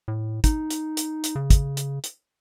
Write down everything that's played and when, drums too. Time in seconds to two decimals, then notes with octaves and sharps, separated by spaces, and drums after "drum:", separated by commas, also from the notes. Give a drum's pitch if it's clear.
0.08 A2
0.44 D#4, drum: kick, hi-hat
0.70 drum: hi-hat
0.97 drum: hi-hat
1.24 drum: hi-hat
1.35 C#3
1.50 drum: kick, hi-hat
1.77 drum: hi-hat
2.04 drum: hi-hat